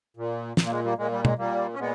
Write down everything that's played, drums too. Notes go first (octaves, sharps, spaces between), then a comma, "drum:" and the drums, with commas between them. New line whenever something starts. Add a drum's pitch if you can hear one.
A#2
A#2, drum: snare
A#3
G#3
G3 A#3
A#2 G#3
G3
G#3, drum: tom
A#2 G3 A#3
C#4
A#2 G#3 B3